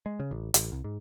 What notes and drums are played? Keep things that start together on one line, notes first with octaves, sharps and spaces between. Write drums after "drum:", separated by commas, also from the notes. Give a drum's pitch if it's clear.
G#3
C#3
A1
A1, drum: hi-hat
C2
G#2